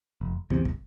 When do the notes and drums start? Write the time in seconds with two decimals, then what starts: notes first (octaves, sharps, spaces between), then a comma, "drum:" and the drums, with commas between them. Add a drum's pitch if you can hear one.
0.21 F1
0.50 E2 C3, drum: kick
0.65 drum: kick